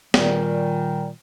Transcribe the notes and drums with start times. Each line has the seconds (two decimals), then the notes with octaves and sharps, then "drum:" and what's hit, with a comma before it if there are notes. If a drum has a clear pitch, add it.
0.14 A#2 D#3 G3, drum: snare